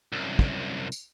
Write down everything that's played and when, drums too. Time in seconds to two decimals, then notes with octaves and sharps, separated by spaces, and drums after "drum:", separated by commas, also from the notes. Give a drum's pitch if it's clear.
0.13 C2 F#2
0.39 drum: kick
0.92 drum: tambourine